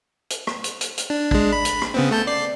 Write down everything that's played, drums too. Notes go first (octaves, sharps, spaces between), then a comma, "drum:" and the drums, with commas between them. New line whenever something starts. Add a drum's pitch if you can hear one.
drum: hi-hat
drum: rim click
drum: hi-hat
drum: hi-hat
drum: hi-hat
D4
G#3 D4, drum: kick
B5
drum: hi-hat
drum: rim click
C#3 B3 C4
A3 A5 G6
D5 C7